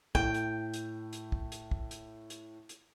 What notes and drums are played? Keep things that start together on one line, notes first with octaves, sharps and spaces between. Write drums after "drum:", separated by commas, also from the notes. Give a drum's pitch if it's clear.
A2 G5, drum: kick
drum: hi-hat
drum: hi-hat
drum: hi-hat
drum: kick
drum: hi-hat
drum: kick
drum: hi-hat
drum: hi-hat
drum: hi-hat